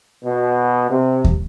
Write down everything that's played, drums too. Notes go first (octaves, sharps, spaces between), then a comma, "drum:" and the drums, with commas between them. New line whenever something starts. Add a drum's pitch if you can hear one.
B2
C3
drum: kick D#2